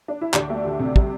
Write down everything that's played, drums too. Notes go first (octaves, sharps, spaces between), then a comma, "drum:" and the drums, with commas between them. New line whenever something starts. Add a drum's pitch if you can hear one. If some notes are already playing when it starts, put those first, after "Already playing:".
D4
E4
D2 D4 G4, drum: clap
A3
D2
C3
G3, drum: kick